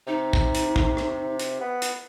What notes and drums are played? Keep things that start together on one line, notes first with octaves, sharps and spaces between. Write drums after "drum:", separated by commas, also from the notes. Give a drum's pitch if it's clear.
C3 D#4
drum: kick
drum: hi-hat
drum: kick
drum: rim click
drum: hi-hat
B3
drum: hi-hat